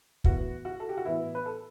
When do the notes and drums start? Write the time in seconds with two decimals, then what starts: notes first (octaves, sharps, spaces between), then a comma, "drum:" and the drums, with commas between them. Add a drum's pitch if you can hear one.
0.24 A2 E3 B3 F#4, drum: kick
0.65 F#4
0.80 A4
0.89 G4
0.97 F#4
1.05 A2 E3 B3 E4
1.35 B4
1.46 A4